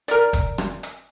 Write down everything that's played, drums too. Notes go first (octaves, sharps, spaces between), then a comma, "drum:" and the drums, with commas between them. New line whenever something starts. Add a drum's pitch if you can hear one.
A#4 D5, drum: hi-hat
drum: kick, hi-hat
drum: rim click
drum: hi-hat